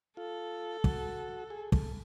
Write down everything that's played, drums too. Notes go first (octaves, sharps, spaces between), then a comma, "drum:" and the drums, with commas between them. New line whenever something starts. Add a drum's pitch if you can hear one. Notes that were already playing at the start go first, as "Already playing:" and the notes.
F4 A4
F#4, drum: kick
G#4
A4, drum: kick